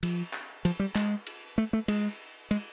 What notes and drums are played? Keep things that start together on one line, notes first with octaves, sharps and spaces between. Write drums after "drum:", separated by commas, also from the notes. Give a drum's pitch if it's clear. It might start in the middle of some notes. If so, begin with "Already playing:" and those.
F3, drum: cymbal
drum: clap
F3, drum: cymbal
G3
G#3, drum: clap
drum: cymbal
A3
A3
G#3, drum: cymbal
G#3, drum: cymbal